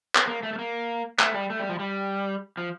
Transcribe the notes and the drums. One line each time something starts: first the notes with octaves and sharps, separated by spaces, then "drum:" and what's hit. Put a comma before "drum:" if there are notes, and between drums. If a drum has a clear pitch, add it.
drum: clap
A#3
A3
A3
A#3
A3, drum: clap
G3
A3
G3
F3
G3
F3